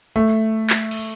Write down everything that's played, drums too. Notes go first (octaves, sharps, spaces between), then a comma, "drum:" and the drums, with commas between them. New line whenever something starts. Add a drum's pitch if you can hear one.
A3
drum: clap
drum: cymbal